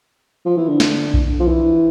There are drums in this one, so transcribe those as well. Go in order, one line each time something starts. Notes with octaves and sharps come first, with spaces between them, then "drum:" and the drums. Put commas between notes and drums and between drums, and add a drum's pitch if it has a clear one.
F3
E3
D3
drum: snare
drum: kick B1
F3
E3